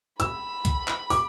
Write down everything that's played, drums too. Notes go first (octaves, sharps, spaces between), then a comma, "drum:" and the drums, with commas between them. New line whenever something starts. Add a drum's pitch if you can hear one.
B5 E6, drum: hi-hat
drum: kick, hi-hat
drum: clap
D6, drum: open hi-hat